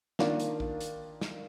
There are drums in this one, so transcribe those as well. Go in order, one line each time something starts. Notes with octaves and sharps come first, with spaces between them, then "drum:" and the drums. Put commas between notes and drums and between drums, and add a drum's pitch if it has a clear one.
D#3 A#3 D4 F4, drum: snare
drum: hi-hat
drum: kick A1
drum: hi-hat
drum: snare